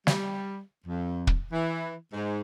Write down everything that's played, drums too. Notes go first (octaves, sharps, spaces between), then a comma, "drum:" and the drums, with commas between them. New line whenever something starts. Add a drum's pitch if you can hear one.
G3, drum: snare
F2
drum: kick
E3
G#2